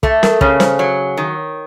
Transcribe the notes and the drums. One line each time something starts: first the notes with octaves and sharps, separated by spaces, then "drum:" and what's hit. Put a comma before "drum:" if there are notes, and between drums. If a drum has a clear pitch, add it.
A3 A4, drum: kick
A#4, drum: snare
C#3 C#5, drum: kick
C5, drum: snare
F#3 C#5
D#3